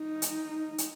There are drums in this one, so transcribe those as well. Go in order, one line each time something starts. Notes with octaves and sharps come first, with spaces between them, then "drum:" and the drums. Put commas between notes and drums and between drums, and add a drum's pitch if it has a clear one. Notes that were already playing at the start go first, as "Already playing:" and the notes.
Already playing: D#4
drum: hi-hat
drum: hi-hat